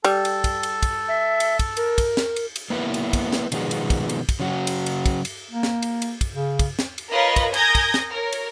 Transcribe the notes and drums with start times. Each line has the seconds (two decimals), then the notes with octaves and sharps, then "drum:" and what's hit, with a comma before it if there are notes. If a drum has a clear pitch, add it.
0.04 G3 A4, drum: cymbal
0.25 drum: cymbal
0.44 drum: kick, cymbal
0.63 drum: cymbal
0.83 drum: kick, cymbal
1.08 E5
1.40 drum: cymbal
1.59 drum: kick, cymbal
1.77 A#4, drum: cymbal
1.98 drum: kick, cymbal
2.17 drum: snare
2.36 drum: cymbal
2.56 drum: cymbal
2.70 A#3 B3 E4 B4
2.94 drum: cymbal
3.13 drum: kick, cymbal
3.33 drum: snare
3.52 B2 D#3 F3 F#3 G#3 B3, drum: cymbal
3.71 drum: cymbal
3.90 drum: kick, cymbal
4.09 drum: cymbal
4.29 drum: kick, cymbal
4.40 C#3 F#3 F#4
4.67 drum: cymbal
4.86 drum: cymbal
5.06 drum: kick, cymbal
5.25 drum: cymbal
5.51 A#3
5.63 drum: snare
5.83 drum: cymbal
6.02 drum: cymbal
6.21 drum: kick, cymbal
6.32 C#3
6.59 drum: kick, cymbal
6.79 drum: snare
6.98 drum: cymbal
7.10 F4 A#4 B4 C#5 D#5
7.36 drum: kick, cymbal
7.54 A#4 G#5 D#6 G6 G#6 A#6, drum: cymbal
7.75 drum: kick, cymbal
7.94 drum: snare
8.10 A#4 C#5
8.33 drum: cymbal